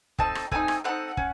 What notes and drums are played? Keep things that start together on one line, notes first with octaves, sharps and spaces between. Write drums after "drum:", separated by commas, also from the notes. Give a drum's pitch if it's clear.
A3 C4 D#4 A5, drum: kick
drum: rim click
A3 C4 D#4 G#5, drum: kick
drum: rim click
A3 C4 D#4 F#5
C#4, drum: kick